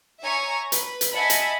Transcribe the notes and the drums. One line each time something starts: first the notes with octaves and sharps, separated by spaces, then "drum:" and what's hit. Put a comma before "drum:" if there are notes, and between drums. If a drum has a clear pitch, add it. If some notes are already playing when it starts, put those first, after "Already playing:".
C#5 E5 G#5 A#5 C#6
B4, drum: hi-hat
drum: hi-hat
D#5 E5 F#5 G#5 A5 B5
drum: hi-hat